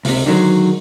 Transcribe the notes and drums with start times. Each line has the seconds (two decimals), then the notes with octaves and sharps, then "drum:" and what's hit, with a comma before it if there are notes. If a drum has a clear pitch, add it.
0.05 C#2 C3, drum: open hi-hat
0.26 D3 D#3 F3 F#3 G#3